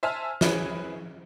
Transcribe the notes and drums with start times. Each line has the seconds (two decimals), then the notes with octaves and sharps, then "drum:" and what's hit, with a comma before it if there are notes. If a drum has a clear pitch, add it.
0.03 C5 E5 G#5 A5 E6 F6
0.41 C#4 E4 G#4 B4, drum: snare